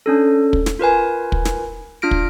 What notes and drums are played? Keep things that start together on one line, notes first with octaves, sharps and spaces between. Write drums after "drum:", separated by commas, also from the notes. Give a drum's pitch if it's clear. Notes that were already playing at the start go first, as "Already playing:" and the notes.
C#4 D4 A4
drum: kick
drum: snare
F4 A#4 B4 G#5
drum: kick
drum: snare
D4 F4 F6 A#6 D7
drum: kick